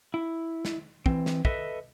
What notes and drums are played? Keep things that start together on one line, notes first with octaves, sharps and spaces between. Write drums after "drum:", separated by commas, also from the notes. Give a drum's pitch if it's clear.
E4
drum: snare
E3 C4, drum: kick
drum: snare
A4 B4 D#5 E5, drum: kick